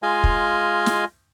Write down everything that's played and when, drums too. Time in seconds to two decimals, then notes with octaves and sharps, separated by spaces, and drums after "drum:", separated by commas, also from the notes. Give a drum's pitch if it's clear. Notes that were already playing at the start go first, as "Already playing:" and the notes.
0.03 G#3 F4 D#5 F5 G#5
0.24 drum: kick
0.86 drum: snare